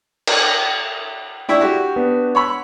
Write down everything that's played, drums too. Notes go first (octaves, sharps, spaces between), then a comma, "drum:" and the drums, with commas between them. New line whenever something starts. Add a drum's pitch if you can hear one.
drum: cymbal
D4 E4 E5 G5 C#6
F#4 G4
B3 D4 B4
C#5 F#5 B5 C#6 E6